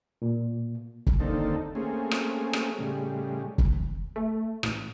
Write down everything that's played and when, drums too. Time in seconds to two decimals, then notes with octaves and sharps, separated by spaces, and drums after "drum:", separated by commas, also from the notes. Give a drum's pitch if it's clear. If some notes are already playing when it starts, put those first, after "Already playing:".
0.22 A#2
1.07 drum: kick
1.20 D#2 D3 A#3 C4 D#4 A4
1.75 A3 A#3 C4 C#4 G#4
2.11 drum: rim click
2.53 drum: rim click
2.79 A2 C#3 G3 G#3
3.58 drum: kick
4.16 A3
4.63 A1, drum: rim click